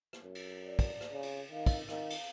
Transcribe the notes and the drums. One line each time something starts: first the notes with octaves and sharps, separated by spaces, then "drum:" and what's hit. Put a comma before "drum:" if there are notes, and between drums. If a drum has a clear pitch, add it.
drum: rim click
F#2
drum: cymbal
D5
drum: kick, cymbal
drum: rim click
C#3
drum: cymbal
D#3 F5
drum: kick, cymbal
D#3 F5, drum: rim click
drum: cymbal